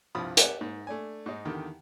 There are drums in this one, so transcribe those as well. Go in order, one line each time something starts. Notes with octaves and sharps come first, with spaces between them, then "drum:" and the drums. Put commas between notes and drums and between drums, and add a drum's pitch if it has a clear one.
C2 G2 F3 B5 D#6
G4 F#5 G#5, drum: hi-hat
G#2
A3 D4 G#5
G#2 D#4
E2 D3 D#3 G4